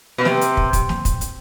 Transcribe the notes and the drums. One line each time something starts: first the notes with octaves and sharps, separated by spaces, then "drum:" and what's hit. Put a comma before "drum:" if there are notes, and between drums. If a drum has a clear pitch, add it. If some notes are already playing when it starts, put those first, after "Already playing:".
B2
C3, drum: snare
drum: hi-hat
drum: kick
drum: kick, hi-hat
drum: snare
drum: kick, hi-hat
drum: hi-hat